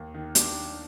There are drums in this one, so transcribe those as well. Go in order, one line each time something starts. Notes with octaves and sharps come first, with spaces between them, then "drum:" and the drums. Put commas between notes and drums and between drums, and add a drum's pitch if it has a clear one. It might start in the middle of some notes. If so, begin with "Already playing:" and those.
Already playing: D#2
D#3
D4, drum: hi-hat